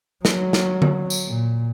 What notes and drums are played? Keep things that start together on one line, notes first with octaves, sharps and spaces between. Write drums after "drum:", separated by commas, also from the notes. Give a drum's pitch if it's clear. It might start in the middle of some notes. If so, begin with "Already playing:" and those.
F#3, drum: snare
drum: snare
drum: tom D3
drum: tambourine
A#2